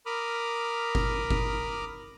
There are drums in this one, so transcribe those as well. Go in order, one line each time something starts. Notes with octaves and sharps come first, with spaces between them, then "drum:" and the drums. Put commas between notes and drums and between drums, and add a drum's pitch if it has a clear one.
A#4 B5 D6 D#6 F6
drum: kick G1
drum: kick G1